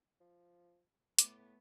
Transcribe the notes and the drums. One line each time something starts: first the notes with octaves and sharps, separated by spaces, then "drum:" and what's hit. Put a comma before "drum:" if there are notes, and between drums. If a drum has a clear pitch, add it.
F3
A2 A3 B3 D6, drum: hi-hat